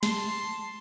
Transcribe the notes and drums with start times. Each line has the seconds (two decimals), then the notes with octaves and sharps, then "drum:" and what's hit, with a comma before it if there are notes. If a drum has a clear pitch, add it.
0.03 A5 C6, drum: snare